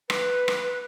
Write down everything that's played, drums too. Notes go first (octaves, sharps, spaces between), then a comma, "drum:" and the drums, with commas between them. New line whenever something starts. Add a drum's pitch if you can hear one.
B4, drum: rim click
drum: rim click